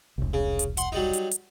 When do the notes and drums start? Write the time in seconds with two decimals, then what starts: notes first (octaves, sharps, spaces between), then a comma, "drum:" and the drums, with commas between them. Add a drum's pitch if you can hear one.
0.18 E1 C2
0.34 C#3
0.59 drum: hi-hat
0.77 F#5 C6, drum: hi-hat
0.92 F#3 G3 D#4
1.13 drum: hi-hat
1.31 drum: hi-hat